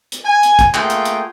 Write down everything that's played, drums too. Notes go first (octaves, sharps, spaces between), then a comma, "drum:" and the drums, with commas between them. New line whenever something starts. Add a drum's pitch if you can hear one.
drum: hi-hat
G#5
drum: hi-hat
drum: kick, hi-hat
A3 A#3 F4 G#4 F#5 G5, drum: clap
drum: hi-hat
drum: hi-hat